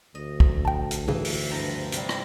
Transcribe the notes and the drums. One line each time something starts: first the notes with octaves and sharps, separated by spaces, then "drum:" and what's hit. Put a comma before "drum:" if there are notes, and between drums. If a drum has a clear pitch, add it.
D2 D#5
drum: kick
G5 A5
drum: hi-hat
G#2 C#3 E3
drum: open hi-hat
G2 F3 A#5
C3 G3, drum: hi-hat
drum: rim click